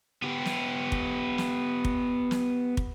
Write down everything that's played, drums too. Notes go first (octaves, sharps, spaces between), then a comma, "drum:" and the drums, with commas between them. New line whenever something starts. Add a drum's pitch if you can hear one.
B3 G4
drum: snare
drum: kick
drum: snare
drum: kick
drum: snare
drum: kick